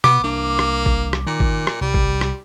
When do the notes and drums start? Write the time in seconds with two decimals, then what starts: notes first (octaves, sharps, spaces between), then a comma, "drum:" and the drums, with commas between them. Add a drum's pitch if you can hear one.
0.04 B2 B3 D6, drum: rim click
0.24 C2 A#3 D4
0.59 drum: rim click
0.86 drum: kick
1.13 drum: rim click
1.27 A#2 D#3
1.40 drum: kick
1.67 drum: rim click
1.81 C2 G3
1.94 drum: kick
2.21 drum: rim click